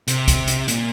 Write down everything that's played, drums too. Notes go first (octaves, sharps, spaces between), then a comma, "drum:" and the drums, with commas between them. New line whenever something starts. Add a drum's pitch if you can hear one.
C3, drum: hi-hat
drum: kick, hi-hat
drum: hi-hat
A#2, drum: hi-hat